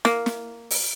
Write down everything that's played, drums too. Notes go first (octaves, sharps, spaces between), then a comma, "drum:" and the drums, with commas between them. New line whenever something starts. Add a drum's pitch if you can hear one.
A#3, drum: snare
drum: snare
drum: open hi-hat